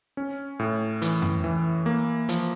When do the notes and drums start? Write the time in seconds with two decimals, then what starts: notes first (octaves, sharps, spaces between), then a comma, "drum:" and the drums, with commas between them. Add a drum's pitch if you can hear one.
0.17 C#4
0.59 A2
1.02 E3, drum: hi-hat
1.22 drum: tom F2
1.44 E3
1.86 A#3
2.29 F3, drum: hi-hat